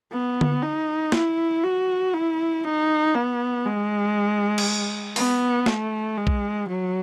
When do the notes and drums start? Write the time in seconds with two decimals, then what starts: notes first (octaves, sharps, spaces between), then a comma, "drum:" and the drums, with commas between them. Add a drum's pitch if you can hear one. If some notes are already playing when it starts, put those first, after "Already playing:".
0.12 B3
0.41 drum: tom D3
0.62 D#4
1.12 E4, drum: snare
1.63 F#4
2.14 E4
2.64 D#4
3.15 B3
3.65 G#3
4.58 drum: cymbal
5.16 B3, drum: open hi-hat
5.66 A3, drum: snare
6.17 G#3
6.27 drum: kick A#1
6.68 F#3